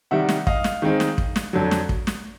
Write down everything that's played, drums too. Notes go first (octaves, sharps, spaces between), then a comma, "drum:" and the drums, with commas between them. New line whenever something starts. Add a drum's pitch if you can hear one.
C3 D#3 G3 E5 F#5
drum: snare
D#5 F5, drum: kick
drum: snare
D#3 G#3 C4 D#4
drum: snare
drum: kick
drum: snare
F2 D3 F#3
drum: snare
drum: kick
drum: snare